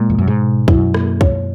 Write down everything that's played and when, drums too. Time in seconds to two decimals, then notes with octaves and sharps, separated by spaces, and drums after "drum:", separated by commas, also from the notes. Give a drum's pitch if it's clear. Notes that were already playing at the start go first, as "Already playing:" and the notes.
Already playing: A#2 G#3
0.10 E2
0.15 F#2 B2
0.27 G#2
0.41 B2
0.68 F#2 E4, drum: kick
0.94 A#3, drum: rim click
1.21 C#5, drum: kick